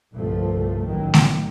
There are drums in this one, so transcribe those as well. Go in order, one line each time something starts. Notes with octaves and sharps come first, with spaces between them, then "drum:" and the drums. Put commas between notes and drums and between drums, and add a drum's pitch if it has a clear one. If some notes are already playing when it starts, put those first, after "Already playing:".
G1 C2 F3 A3
A1 D#3 F#3
drum: snare A3